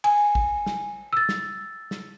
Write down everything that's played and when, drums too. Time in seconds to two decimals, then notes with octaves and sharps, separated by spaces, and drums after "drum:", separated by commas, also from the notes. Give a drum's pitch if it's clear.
0.04 G#5, drum: cymbal
0.35 drum: kick
0.66 drum: snare
1.13 E6 A6
1.29 drum: snare
1.91 drum: snare